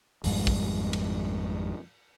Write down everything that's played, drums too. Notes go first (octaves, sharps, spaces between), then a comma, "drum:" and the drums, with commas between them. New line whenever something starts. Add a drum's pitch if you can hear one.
G#1 F2 G#2 G3, drum: open hi-hat
drum: kick
drum: cymbal